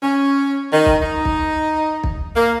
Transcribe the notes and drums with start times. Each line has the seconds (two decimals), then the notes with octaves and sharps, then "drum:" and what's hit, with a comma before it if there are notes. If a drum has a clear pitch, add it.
0.03 C#4
0.73 D#3
0.86 drum: kick
1.03 D#4
1.25 drum: kick
2.04 drum: kick
2.36 A#3